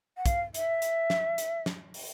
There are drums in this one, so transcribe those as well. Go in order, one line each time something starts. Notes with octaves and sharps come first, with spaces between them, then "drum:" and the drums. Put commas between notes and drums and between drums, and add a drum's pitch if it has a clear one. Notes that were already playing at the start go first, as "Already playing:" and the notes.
F#5
F5, drum: kick, hi-hat
E5, drum: hi-hat
drum: hi-hat
drum: snare
drum: hi-hat
drum: snare
drum: open hi-hat